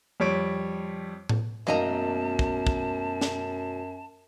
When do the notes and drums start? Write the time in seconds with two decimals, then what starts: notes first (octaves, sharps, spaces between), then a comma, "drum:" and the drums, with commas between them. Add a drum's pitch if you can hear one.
0.20 F2 G3 C#5 D7
1.29 drum: tom A2
1.67 F#2 B2 F#3 A3 A#3 D#4 A5 A#5
2.39 drum: kick
2.67 drum: kick
3.21 drum: snare